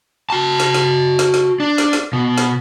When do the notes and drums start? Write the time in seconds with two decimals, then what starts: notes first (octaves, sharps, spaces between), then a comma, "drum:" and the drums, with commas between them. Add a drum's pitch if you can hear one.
0.30 F#4 A5
0.60 drum: snare
0.74 drum: snare
1.19 drum: snare
1.34 drum: snare
1.60 D4
1.78 drum: snare
1.93 drum: snare
2.13 B2
2.38 drum: snare